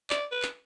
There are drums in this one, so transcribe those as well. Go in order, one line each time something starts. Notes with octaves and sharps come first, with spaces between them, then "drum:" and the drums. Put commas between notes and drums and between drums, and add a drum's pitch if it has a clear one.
D5, drum: clap
B4
drum: clap